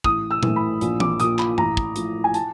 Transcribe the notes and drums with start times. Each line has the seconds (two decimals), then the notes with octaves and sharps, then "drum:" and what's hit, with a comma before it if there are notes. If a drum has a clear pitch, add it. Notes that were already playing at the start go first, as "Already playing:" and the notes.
0.04 A1 D#6, drum: kick
0.31 E6
0.43 E3, drum: tom A#2
0.48 A2
0.56 B5
0.81 A#1, drum: hi-hat
1.00 D6, drum: tom E3
1.20 A#2 F3 D#6, drum: hi-hat
1.39 B5, drum: clap
1.58 A1 A#5, drum: tom G2
1.77 drum: kick
1.96 A2 F3, drum: hi-hat
2.24 G#5
2.34 A5, drum: hi-hat